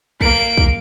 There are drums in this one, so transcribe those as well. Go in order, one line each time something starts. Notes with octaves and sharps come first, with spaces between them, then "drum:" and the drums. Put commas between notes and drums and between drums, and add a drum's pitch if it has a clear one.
A#3 D7, drum: kick
drum: kick